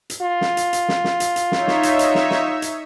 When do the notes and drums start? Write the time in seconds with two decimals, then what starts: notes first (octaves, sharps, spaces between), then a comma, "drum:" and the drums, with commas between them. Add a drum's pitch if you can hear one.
0.10 drum: hi-hat
0.22 F4
0.41 drum: snare
0.57 drum: hi-hat
0.73 drum: hi-hat
0.89 drum: snare
1.04 drum: snare
1.20 drum: hi-hat
1.36 drum: hi-hat
1.52 D#4 C#5 E5, drum: snare
1.67 drum: snare
1.83 drum: hi-hat
1.99 drum: hi-hat
2.15 drum: snare
2.31 drum: snare
2.62 drum: hi-hat